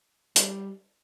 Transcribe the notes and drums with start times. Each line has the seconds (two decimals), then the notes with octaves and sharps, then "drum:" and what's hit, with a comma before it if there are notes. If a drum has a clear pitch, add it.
0.36 G3, drum: hi-hat